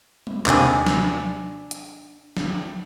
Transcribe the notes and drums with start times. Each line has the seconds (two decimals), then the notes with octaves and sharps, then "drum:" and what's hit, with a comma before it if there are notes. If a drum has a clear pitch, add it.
0.27 drum: tom G3
0.46 D#2 C3 D4 G#5, drum: clap
0.86 drum: snare
1.71 drum: hi-hat
2.37 drum: snare